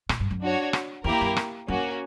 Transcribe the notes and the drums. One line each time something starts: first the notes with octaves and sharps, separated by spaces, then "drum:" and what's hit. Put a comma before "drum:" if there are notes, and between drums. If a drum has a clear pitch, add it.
A#2, drum: rim click
G2
F#2
D4 F#4 C#5
drum: rim click
E2 A#3 E4 G4 A#4
F#2
drum: rim click
F#2 A#3 C#4 F#4